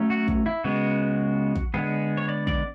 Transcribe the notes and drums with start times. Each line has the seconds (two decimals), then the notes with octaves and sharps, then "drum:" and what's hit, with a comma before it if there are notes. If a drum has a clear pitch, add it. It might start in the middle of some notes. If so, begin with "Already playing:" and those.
Already playing: F#3 A3 C#4
0.10 F#4
0.28 drum: kick
0.46 E4
0.64 C#3 G#3 B3 F#4
1.56 drum: kick
1.74 D3 G#3 B3 G#4
2.17 C#5
2.29 D5
2.47 D5, drum: kick